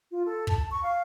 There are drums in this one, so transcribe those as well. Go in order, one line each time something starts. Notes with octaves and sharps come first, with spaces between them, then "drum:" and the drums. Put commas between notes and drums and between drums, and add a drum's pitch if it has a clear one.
F4
A4
A5, drum: kick
C#6
F5